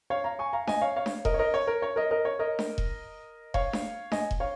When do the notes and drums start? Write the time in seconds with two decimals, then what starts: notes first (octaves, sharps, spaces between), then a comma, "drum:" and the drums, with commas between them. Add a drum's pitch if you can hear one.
0.10 C#5 F5
0.24 F5 A#5
0.39 G#5 C#6
0.53 F5 A#5
0.67 D#5 G#5, drum: snare D4
0.81 C#5 F5
0.96 C#5 F5
1.06 drum: snare D4
1.25 A#4 D#5, drum: kick E1
1.34 C#5
1.39 A#4 D#5
1.54 C#5
1.67 A#4
1.82 C#5
1.96 A#4 D#5
2.11 A#4 D#5
2.25 C#5
2.39 A#4 D#5
2.59 drum: snare D4
2.78 drum: kick E1
3.54 C#5 F5, drum: kick E1
3.73 drum: snare D4
4.12 D#5 G#5, drum: snare D4
4.31 drum: kick E1
4.40 C#5 F5